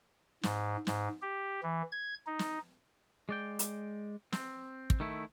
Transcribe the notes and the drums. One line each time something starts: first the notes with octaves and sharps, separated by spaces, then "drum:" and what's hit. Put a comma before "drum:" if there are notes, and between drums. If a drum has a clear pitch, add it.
G#2, drum: snare
G#2, drum: snare
G4
E3
G#6
D#4
drum: snare
G#3 D5 G5
drum: hi-hat
C4, drum: snare
drum: kick
D#3 A3 E4